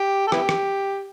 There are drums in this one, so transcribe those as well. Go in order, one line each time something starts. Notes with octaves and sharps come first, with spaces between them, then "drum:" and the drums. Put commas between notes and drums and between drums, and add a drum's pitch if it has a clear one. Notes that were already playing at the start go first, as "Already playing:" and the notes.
Already playing: G4
A4
B3 E4 G4, drum: rim click
drum: rim click